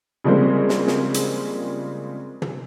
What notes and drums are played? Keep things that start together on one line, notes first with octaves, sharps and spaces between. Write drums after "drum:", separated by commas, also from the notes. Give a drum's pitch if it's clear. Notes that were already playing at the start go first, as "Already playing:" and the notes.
C#3 F3 G3 G#3 A#3 C4
drum: snare
drum: snare
drum: hi-hat
drum: tom